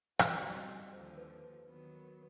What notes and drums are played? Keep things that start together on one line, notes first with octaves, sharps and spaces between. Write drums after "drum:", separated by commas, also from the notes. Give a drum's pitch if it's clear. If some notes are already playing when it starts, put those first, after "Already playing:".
D3 G3 C4 D#4 F#4 D5, drum: rim click
D#2 D3 F3 C5
B4
B4
D#3 F#3 B3
A#4
B4